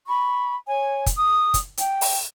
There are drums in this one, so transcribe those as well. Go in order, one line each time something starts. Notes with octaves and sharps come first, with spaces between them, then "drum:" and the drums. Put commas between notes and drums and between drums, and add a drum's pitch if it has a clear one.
B5 C#6
C#5 G#5
drum: kick, hi-hat
D#6
drum: kick, hi-hat
G5, drum: hi-hat
drum: open hi-hat